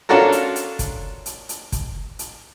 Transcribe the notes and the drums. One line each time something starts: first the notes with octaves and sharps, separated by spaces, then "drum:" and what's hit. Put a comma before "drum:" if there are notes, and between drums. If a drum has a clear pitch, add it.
C#4 D4 F4 F#4 A4 A#4
drum: hi-hat
drum: hi-hat
drum: kick, hi-hat
drum: hi-hat
drum: hi-hat
drum: kick, hi-hat
drum: hi-hat